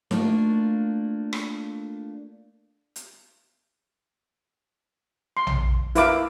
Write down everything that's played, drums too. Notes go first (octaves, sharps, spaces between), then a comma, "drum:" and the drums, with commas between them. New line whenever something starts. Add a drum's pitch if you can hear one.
A3 A#3 D4 F4, drum: snare D#4
drum: rim click
drum: hi-hat
C6
drum: tom A#1
E4 A#4 B4 F5 D6, drum: hi-hat